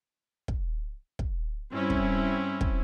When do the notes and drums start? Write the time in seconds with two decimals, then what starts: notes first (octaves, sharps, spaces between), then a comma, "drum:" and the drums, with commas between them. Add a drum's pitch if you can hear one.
0.48 drum: kick
1.19 drum: kick
1.72 G2 C4 C#4 E4
1.90 drum: kick
2.61 drum: kick